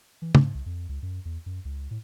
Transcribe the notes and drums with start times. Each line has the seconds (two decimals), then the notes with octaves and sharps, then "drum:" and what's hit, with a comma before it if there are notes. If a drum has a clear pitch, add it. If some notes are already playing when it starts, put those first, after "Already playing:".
0.22 E3
0.35 G#2, drum: tom
0.55 C2
0.66 F2
0.89 C#2
1.02 F#2
1.25 E2
1.46 F#2
1.65 C#2
1.91 A2